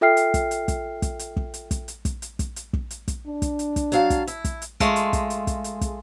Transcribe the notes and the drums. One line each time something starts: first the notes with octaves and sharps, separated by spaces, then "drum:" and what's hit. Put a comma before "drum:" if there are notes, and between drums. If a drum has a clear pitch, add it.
F4 A4 E5 G5 F6 C7
drum: hi-hat
drum: kick, hi-hat
drum: hi-hat
drum: kick, hi-hat
drum: kick, hi-hat
drum: hi-hat
drum: kick
drum: hi-hat
drum: kick, hi-hat
drum: hi-hat
drum: kick, hi-hat
drum: hi-hat
drum: kick, hi-hat
drum: hi-hat
drum: kick
drum: hi-hat
drum: kick, hi-hat
D4
drum: kick, hi-hat
drum: hi-hat
drum: kick, hi-hat
F#3 F5 A5, drum: hi-hat
drum: kick, hi-hat
E4, drum: hi-hat
drum: kick, hi-hat
drum: hi-hat
G#3 A3 F4, drum: kick, hi-hat
drum: hi-hat
drum: kick, hi-hat
drum: hi-hat
drum: kick, hi-hat
drum: hi-hat
drum: kick, hi-hat